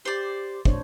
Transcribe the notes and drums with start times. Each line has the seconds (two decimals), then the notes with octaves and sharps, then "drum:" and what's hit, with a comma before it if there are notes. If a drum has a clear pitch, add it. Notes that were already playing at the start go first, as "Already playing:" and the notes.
0.05 G4 C5 D5
0.65 D#1 A2 D4 C5 C#5, drum: kick